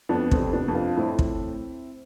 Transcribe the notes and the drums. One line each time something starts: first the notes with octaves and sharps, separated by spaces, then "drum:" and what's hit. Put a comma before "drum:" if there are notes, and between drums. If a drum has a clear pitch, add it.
F2 B3 D4
A3 C4, drum: kick
C3
B3 D4
F2
D4 F4
A2 C4 E4
drum: kick